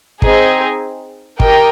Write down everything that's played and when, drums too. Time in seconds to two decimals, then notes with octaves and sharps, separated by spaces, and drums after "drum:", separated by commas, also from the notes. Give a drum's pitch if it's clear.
0.22 C4 D#4 G#4, drum: kick
1.40 G4 A#4 D#5 G5, drum: kick